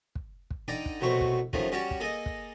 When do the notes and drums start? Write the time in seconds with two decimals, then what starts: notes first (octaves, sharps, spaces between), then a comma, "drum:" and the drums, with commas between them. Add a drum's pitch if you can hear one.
0.15 drum: kick
0.50 drum: kick
0.68 D3 D#4 D5 G5 A#5
0.86 drum: kick
1.01 C2 B2 F#3 A3 C4 C#6
1.21 drum: kick
1.53 F#2 C3 D#3 F3 F#3 A3, drum: kick
1.72 G3 C#4 F#4 G4 D5 G5
1.91 drum: kick
2.00 A#3 G#4 A4 D#5
2.26 drum: kick